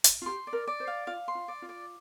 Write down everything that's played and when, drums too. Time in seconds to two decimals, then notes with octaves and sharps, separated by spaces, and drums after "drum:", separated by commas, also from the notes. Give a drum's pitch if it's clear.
0.04 drum: hi-hat
0.22 F4
0.26 G4 C6
0.47 D5
0.53 A#4
0.67 D5
0.80 C5
0.87 F5
1.07 F4 F5
1.28 C6
1.35 F4
1.48 D5
1.62 F4
1.69 D5